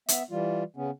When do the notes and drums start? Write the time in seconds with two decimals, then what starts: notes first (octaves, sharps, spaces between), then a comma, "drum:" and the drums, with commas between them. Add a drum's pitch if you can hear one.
0.08 B3 E5, drum: hi-hat
0.31 E3 G3 F4
0.76 C#3 B3 C#4